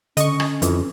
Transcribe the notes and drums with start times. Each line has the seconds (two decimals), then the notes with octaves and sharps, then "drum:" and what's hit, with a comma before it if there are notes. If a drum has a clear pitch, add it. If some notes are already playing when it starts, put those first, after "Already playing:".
0.17 D3 C#4 D#5 C#6, drum: hi-hat
0.40 drum: rim click
0.62 F2 E3, drum: hi-hat